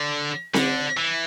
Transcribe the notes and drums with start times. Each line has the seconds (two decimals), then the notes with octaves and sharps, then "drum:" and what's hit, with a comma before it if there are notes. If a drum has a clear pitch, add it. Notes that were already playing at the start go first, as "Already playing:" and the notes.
Already playing: D3
0.54 D3, drum: snare C4
0.97 E3